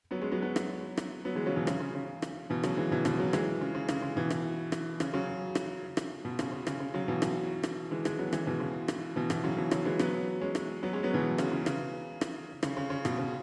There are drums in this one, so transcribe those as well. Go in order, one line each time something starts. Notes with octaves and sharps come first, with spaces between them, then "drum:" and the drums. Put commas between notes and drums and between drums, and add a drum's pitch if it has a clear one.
F#3 B3
G#3 C#4
F#3 B3
F#3 B3
drum: rim click
drum: rim click
F#3 B3
E3 G#3
C#3 F#3
B2 E3
C#3, drum: rim click
C#3
C#3
drum: rim click
B2 E3
C#3 F#3, drum: rim click
E3 G#3
B2 E3
B2 E3, drum: rim click
C#3 F#3
E3 G#3, drum: rim click
C#3
C#3
C#3, drum: rim click
C#3
B2 E3
drum: rim click
drum: rim click
C#3, drum: rim click
C#3 F#3
drum: rim click
drum: rim click
B2
C#3, drum: rim click
C#3
C#3, drum: rim click
C#3
C#3 F#3
B2 E3
drum: rim click
drum: rim click
E3 G#3
E3 G#3, drum: rim click
F#3 B3
E3 G#3, drum: rim click
B2 E3
C#3
drum: rim click
B2 E3
B2 E3, drum: rim click
C#3 F#3
B2 E3
C#3 F#3, drum: rim click
E3 G#3
F#3 B3, drum: rim click
G#3 C#4
drum: rim click
F#3 B3
G#3 C#4
F#3 B3
B2 E3
C#3, drum: rim click
C#3
C#3, drum: rim click
drum: rim click
C#3, drum: rim click
C#3
C#3
B2, drum: rim click
C#3